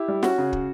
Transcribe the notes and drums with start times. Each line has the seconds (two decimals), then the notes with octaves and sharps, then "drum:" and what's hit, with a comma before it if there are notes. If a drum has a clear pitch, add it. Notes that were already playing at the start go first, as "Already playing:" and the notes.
Already playing: E4 G4
0.08 G3
0.23 C#4 F#4, drum: snare
0.38 C#3
0.53 drum: kick